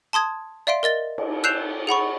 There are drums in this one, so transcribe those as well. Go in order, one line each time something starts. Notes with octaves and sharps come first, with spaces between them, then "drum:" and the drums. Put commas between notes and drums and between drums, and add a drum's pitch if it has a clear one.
A5 C6 D#6 G#6
D5 E5 F5 C6 D7
A#4 D#5 A6 G7
drum: cymbal
E6 F#6 G6 C7 E7 F7
G#4 F#5 B5 C#6